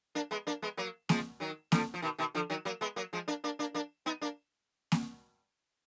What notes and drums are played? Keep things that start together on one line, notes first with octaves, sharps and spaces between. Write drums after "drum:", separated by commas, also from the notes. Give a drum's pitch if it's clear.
A#3 D4
G#3 B3
A#3 D4
G#3 B3
F#3 A#3
F3 G#3, drum: snare A#3
D#3 F#3
D3 F3, drum: snare A#3
F3
B2 D#3
B2 D#3
D3 F3
D#3 F#3
F#3 A#3
G#3 B3
F#3 A#3
F3 G#3
A#3 D4
A#3 D4
A#3 D4
A#3 D4
B3 D#4
A#3 D4
drum: snare A#3